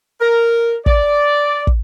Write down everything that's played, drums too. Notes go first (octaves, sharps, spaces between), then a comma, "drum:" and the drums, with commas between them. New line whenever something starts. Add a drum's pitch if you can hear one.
A#4
D5, drum: kick
drum: kick